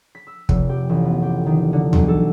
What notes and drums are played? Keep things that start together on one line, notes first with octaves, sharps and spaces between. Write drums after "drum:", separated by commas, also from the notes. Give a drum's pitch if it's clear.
B6
E6
F1, drum: kick
G4
A1
B3
G4
D#3
D3
B1, drum: tom
A4